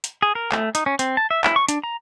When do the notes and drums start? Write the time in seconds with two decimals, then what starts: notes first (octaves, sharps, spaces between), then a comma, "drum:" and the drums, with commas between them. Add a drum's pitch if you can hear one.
0.04 drum: hi-hat
0.22 G#4
0.35 A#4
0.52 A3, drum: clap
0.75 D#4, drum: hi-hat
0.86 C#4
0.99 C4, drum: hi-hat
1.17 A5
1.31 E5
1.44 E4, drum: clap
1.56 C#6
1.68 D4, drum: hi-hat
1.84 A#5